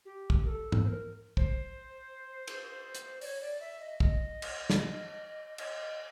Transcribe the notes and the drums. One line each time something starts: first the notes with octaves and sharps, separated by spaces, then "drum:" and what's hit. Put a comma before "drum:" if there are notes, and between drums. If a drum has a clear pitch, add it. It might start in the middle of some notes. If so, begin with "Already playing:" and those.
G4
drum: kick
A#4
A4
drum: tom
C5
A#4
C5, drum: kick
drum: cymbal
drum: hi-hat
D5, drum: open hi-hat
C#5
D5
E5
D#5
D#5, drum: kick
drum: cymbal
drum: snare
D#5, drum: cymbal